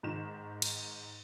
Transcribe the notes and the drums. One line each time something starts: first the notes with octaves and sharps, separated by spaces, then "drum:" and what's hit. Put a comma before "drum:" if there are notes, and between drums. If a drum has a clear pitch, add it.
G#2 D#3 E7
drum: cymbal